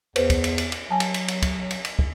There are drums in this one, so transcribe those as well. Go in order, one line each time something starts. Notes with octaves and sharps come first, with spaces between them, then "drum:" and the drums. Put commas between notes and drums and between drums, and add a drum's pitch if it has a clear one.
E2 B4 C5, drum: cymbal
drum: kick, cymbal
drum: cymbal
drum: cymbal
drum: cymbal
F#3 G#5 A5
drum: cymbal
drum: cymbal
drum: cymbal
drum: kick, cymbal
drum: cymbal
drum: cymbal
drum: kick